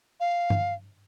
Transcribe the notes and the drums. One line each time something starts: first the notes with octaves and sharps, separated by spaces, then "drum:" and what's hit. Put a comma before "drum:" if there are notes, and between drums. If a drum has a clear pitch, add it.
F5
drum: tom G2